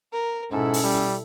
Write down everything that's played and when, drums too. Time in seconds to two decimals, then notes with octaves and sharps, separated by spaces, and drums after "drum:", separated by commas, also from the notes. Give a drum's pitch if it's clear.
0.13 A#4
0.52 G#2 B2 C#4 E4 A4
0.74 drum: open hi-hat
0.84 G3